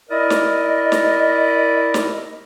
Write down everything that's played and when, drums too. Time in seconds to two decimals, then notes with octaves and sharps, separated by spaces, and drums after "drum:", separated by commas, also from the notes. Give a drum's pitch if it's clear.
0.10 E4 A#4 D5 D#5
0.30 drum: snare
0.92 drum: snare
1.94 drum: snare